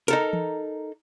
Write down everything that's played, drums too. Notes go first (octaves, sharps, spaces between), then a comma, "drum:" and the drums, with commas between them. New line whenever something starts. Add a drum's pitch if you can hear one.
D#4 A4 A#4, drum: hi-hat
drum: tom E3